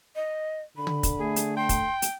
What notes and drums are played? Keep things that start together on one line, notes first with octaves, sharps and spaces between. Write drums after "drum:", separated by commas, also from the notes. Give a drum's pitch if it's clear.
D#5
D3 B5
drum: tom
drum: kick, hi-hat
A3 G#4
drum: hi-hat
G5 C6
drum: kick, hi-hat
drum: hi-hat